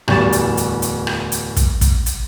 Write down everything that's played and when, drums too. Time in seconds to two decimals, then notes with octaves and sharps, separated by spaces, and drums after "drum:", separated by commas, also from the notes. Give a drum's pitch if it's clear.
0.08 D1 E2 G3 C#6 A6 E7, drum: rim click
0.32 drum: hi-hat
0.57 drum: hi-hat
0.82 drum: hi-hat
1.07 drum: rim click
1.32 drum: hi-hat
1.57 drum: kick, hi-hat
1.81 drum: kick, hi-hat
2.06 drum: hi-hat